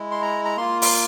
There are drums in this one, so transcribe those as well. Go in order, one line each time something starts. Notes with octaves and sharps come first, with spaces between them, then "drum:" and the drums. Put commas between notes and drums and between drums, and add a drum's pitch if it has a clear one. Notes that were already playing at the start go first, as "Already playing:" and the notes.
Already playing: G#3 E4
C6
A#5
A#5
A#3 F4 C6
C6, drum: open hi-hat